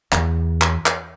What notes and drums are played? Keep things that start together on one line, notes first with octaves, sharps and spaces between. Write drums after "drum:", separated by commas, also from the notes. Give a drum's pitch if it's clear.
E2, drum: clap
drum: clap
drum: clap